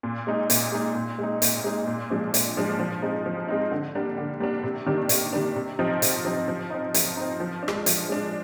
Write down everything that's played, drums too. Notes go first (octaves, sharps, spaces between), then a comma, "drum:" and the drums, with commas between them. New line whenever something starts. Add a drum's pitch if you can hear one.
A#2
G#3 D#4
A#2, drum: hi-hat
G#3 D#4
A#2
G#3 D#4
A#2, drum: hi-hat
G#3 D#4
A#2
F3 G#3 D4
A#2, drum: hi-hat
F3 G#3 D4
F3
G#3 C4 D#4
F3
G#3 C4 D#4
D3
G3 A#3 D4
D3
G3 A#3 D4
C3
D#3 G3 A#3 D4
C3, drum: hi-hat
D#3 G3 A#3 D4
C3
F3 C4 D#4
C3, drum: hi-hat
F3 C4 D#4
F3
C4 D#4
F3, drum: hi-hat
C4 D#4
F3
D4
G#3, drum: rim click
F3, drum: hi-hat
G#3 D4